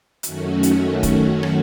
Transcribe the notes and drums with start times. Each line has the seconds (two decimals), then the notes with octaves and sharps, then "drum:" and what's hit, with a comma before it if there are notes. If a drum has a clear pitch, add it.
0.23 F#2 D#3 A3 C#4 F#4, drum: hi-hat
0.63 drum: hi-hat
1.03 drum: kick, hi-hat
1.43 drum: rim click